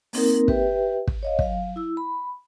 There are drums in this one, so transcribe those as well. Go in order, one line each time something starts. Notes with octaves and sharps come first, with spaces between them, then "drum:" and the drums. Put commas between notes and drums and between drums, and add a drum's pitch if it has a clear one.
A#3 C4 D#4 A#4, drum: open hi-hat
G4 B4 E5 G5, drum: kick
drum: kick
C#5 D#5 F5
F#3 F5, drum: kick
E4 E6
B5